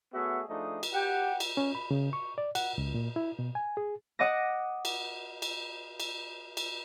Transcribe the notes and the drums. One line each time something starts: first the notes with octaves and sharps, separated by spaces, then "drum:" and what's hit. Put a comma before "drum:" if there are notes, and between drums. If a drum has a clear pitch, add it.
A3 B3 F#4 G#4 C#5 E5
F3 A3 D4 D#4 G#4 D#5
drum: cymbal
G4 F#5 G5
drum: cymbal
C#4
B5
C#3
C#6
D5
F#5, drum: cymbal
C#2
A#2
E4
B2
G#5
G#4
D#5 F#5 D6 D#6 A#6
drum: cymbal
drum: cymbal
drum: cymbal
drum: cymbal